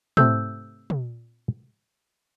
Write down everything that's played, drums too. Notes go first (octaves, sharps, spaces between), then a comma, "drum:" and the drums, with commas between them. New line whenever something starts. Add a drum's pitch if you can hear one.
C3 A3 C4 E6 G6, drum: tom
drum: tom